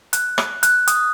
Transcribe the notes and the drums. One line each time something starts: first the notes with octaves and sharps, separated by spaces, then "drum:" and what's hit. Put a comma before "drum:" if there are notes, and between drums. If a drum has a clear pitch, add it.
F#6, drum: hi-hat
drum: rim click
F#6, drum: hi-hat
D#6, drum: hi-hat